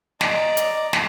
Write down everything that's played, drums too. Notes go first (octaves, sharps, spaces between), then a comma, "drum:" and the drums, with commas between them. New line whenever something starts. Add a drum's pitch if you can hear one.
D5 D#5 A#5, drum: snare
drum: hi-hat
drum: snare